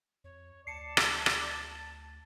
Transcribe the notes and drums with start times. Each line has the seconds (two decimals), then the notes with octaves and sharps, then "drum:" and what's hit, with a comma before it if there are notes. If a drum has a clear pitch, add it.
0.24 F2 C#5
0.67 D2 D5 A5 C7 C#7
0.97 drum: rim click
1.26 drum: rim click
1.49 A6